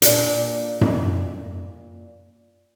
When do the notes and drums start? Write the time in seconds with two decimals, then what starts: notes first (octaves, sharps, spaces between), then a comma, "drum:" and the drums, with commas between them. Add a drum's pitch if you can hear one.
0.02 A#2 D4, drum: hi-hat
0.81 drum: tom F#2